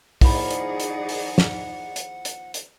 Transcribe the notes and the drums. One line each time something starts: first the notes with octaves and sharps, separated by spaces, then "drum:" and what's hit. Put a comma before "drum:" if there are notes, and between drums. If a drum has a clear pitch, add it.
D#2 F3 D#4 E4 G#4 D5 F#5 B5, drum: kick, open hi-hat
drum: hi-hat
drum: hi-hat
drum: open hi-hat
drum: snare
drum: hi-hat
drum: hi-hat
drum: hi-hat